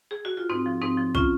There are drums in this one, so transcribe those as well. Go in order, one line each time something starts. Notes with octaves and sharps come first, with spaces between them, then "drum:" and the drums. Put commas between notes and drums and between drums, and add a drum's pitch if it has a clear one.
G#4
F#4
F4
G#2 C4 D#4
F3
G#2 C4 D#4
F3
C#4 F4, drum: kick